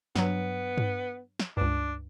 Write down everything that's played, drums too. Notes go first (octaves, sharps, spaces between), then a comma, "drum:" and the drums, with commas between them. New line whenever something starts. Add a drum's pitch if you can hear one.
G2 F#3 B3, drum: snare
drum: tom G2
drum: snare
C#2 G2 D4